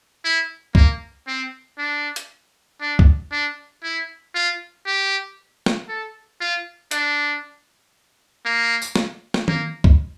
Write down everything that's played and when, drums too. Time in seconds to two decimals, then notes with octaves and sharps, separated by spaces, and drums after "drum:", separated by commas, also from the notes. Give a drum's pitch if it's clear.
0.24 E4
0.75 A#3, drum: kick C2
1.27 C4
1.78 D4
2.16 drum: hi-hat
2.81 D4
2.99 drum: kick C2
3.31 D4
3.83 E4
4.35 F4
4.86 G4
5.66 drum: snare
5.88 A4
6.40 F4
6.91 D4, drum: hi-hat
8.45 A#3
8.82 drum: tambourine
8.96 drum: snare
9.34 drum: snare
9.48 A#3, drum: tom D#3
9.84 drum: kick C2